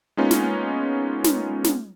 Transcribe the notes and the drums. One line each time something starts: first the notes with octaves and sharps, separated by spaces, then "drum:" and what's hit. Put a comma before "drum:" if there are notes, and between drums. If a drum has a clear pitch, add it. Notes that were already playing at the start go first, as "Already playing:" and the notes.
G#3 A#3 B3 C#4 D#4 F4
drum: snare
drum: snare
drum: snare